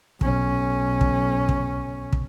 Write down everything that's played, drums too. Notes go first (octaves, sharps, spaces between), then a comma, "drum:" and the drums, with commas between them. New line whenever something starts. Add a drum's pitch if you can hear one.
B1 C#4, drum: kick
drum: kick
drum: kick
drum: kick